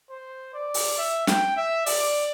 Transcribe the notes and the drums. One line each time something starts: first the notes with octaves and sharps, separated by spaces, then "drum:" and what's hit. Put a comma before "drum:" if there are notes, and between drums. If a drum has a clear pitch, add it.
C5
D5
drum: open hi-hat
E5
G5, drum: snare
E5
D5, drum: open hi-hat